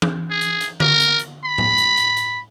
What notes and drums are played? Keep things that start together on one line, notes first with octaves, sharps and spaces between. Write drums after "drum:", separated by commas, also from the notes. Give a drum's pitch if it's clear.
drum: tom E3
G#4
drum: hi-hat
drum: hi-hat
A#4, drum: tom D3
drum: hi-hat
drum: hi-hat
B5
drum: tom A2
drum: hi-hat
drum: hi-hat
drum: hi-hat